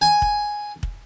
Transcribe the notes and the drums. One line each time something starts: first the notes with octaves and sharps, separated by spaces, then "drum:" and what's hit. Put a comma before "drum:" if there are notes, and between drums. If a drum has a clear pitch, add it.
G#5
drum: kick
drum: kick